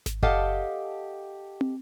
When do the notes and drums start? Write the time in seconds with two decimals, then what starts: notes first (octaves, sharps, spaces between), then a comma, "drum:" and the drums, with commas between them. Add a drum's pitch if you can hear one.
0.06 drum: snare G#1
0.23 G4 A4 D#5 F5 F#5 A5, drum: kick F#1
1.61 drum: tom